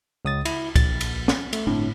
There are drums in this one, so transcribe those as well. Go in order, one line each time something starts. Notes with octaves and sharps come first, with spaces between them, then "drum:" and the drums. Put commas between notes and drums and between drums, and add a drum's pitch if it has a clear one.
C#2 D#6 A6
E4, drum: cymbal
A#1 A6, drum: kick C#2, cymbal
drum: cymbal
drum: snare
A3, drum: cymbal
G1 A2 C4 D4